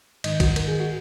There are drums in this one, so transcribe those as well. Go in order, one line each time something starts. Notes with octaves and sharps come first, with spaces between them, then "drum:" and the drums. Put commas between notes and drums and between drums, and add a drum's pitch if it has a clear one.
G#2 D#3 D#5, drum: cymbal
F#4, drum: kick, cymbal
G#2 D#3 A#4, drum: cymbal
G#4
F#4